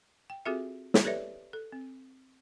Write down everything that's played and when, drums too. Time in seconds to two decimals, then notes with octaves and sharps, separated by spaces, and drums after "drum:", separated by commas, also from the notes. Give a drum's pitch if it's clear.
0.30 G5
0.45 C4 F4 F#4 G#4 A4 E5
0.94 drum: snare
1.04 G4 A4 B4 C#5 D5 E5
1.53 A4
1.72 C4